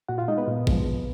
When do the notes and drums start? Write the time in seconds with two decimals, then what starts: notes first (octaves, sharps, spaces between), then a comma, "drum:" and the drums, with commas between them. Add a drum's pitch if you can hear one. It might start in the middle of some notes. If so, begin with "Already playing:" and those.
0.09 A#2 F#4 F#5
0.18 F4 F5
0.28 G#3 D#4 D#5
0.38 B3 B4
0.48 A#2
0.67 F3 G#3, drum: kick A1
0.87 B2